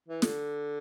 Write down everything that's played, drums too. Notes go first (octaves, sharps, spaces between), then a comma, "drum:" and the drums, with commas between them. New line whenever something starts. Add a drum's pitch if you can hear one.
E3
D3, drum: snare